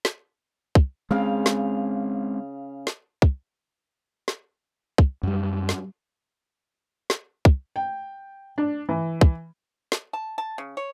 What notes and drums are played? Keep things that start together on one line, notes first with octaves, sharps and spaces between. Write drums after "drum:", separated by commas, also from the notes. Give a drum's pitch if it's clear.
drum: snare
drum: kick
C#3 G#3 C4 F5
drum: snare
drum: snare
drum: kick
drum: snare
drum: kick
F#2 G3
drum: snare
drum: snare
drum: kick
G5
D4
E3
drum: kick
drum: snare
A5
A5
C#3
C#5